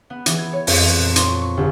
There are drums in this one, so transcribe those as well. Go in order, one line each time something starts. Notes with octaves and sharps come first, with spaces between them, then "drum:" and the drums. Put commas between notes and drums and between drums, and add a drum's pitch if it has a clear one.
B3
E3, drum: hi-hat
G#6
C#5
F2, drum: open hi-hat
B4
A#2
C6, drum: hi-hat
C#6
C#6
G1